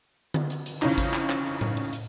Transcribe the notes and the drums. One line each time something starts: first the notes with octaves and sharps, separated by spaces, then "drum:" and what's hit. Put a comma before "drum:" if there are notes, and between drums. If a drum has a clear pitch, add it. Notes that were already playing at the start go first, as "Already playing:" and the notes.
drum: tom D3
drum: hi-hat
drum: hi-hat
F2 C#3 E3 D#4, drum: clap
drum: kick, hi-hat
drum: clap
drum: clap
drum: open hi-hat
drum: tom A2
drum: hi-hat
drum: hi-hat